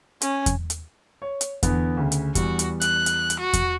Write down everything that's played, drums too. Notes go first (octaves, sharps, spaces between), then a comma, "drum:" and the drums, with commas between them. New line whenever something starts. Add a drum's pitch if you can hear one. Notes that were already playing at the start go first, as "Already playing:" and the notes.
C#4, drum: hi-hat
drum: kick E2, hi-hat
drum: hi-hat
C#5
drum: hi-hat
E2 D3 B3, drum: kick E2, hi-hat
D2 C#3
drum: hi-hat
E2 G3 F#4, drum: kick E2, hi-hat
drum: hi-hat
F#6, drum: hi-hat
drum: hi-hat
drum: hi-hat
F#4
drum: kick E2, hi-hat